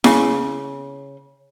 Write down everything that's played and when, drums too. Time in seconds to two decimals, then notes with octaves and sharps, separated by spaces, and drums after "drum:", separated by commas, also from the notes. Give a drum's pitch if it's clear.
0.04 C#3, drum: snare E4